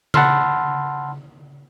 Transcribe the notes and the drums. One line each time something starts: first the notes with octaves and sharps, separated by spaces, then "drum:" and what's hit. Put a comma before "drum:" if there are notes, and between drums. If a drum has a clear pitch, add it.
F#5 A5 B5 C6 E6 F6, drum: tom C#3